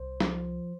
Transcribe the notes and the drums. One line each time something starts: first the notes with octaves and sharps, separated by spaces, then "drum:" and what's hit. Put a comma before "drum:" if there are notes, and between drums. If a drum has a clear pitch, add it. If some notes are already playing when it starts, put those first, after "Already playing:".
Already playing: C2 C5
F3, drum: snare